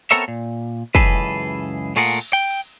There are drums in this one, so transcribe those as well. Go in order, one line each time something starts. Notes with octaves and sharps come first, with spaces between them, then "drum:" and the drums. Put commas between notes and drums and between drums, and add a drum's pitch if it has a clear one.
B3 C4 A4 A#4 C#5 E5
A#2
C#2 F#2 E3 G#4 A4 B4, drum: kick
A#2 A3 F4 G#4 A#4 F#5, drum: cymbal
G5
drum: open hi-hat